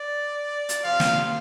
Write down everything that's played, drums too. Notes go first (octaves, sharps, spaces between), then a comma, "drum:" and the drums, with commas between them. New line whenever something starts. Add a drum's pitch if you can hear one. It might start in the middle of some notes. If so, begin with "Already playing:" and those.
Already playing: D5
drum: hi-hat
C3 F3 F5
drum: snare